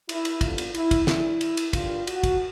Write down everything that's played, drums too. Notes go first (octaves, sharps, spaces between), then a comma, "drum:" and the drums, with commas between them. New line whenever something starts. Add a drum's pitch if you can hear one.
E4, drum: cymbal
drum: cymbal
G1 F2 D3 G3 B3 F4, drum: kick, cymbal
drum: cymbal
E4, drum: cymbal
drum: kick, cymbal
G#1 G2 E3 A3 D4 E4, drum: snare
drum: cymbal
drum: cymbal
G2 D3 G3 A#3 F4, drum: kick, cymbal
F#4, drum: cymbal
drum: kick, cymbal